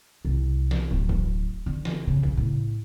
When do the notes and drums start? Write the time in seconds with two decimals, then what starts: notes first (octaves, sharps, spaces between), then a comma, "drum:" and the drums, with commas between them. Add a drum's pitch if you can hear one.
0.25 C2
0.71 drum: snare
0.91 D1
1.09 drum: kick
1.66 D3
1.85 drum: snare
2.07 C#3
2.23 drum: kick
2.37 A2